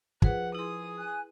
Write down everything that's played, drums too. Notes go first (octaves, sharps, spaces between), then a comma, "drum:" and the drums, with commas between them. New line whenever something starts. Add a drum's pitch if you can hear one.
F3 G#4 B4 F#5, drum: kick
E4 G#4 C6 D#6
G#5 F#6